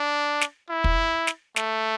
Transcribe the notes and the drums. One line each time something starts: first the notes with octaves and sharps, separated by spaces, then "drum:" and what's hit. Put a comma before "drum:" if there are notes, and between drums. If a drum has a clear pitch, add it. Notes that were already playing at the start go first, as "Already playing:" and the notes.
Already playing: D4
drum: snare
E4
drum: kick
drum: snare
A3, drum: snare